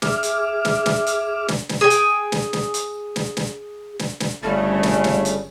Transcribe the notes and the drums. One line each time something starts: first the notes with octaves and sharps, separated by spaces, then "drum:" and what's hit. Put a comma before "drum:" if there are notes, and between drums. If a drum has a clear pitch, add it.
G#4 E5 D6 F6, drum: snare
drum: hi-hat
drum: snare
drum: snare
drum: hi-hat
drum: snare
drum: snare
G#4 G5
drum: hi-hat
drum: snare
drum: snare
drum: hi-hat
drum: snare
drum: snare
drum: snare
drum: snare
G1 C#3 G3 A3
drum: snare
drum: snare
drum: hi-hat